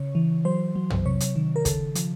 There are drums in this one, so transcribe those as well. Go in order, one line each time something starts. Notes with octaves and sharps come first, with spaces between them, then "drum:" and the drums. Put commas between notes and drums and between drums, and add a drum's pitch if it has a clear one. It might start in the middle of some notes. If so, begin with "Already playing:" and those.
Already playing: C#3 C#5
E3
F#3 C5
F#3
drum: tom
C3 C#5
drum: hi-hat
D#3
A#4
C#3 A4, drum: kick, hi-hat
F3, drum: hi-hat